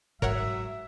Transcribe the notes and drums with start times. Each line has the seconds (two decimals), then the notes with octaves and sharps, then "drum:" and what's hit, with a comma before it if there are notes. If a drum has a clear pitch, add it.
0.22 G#2 F#3 A#4 C#5 E5 F#5, drum: kick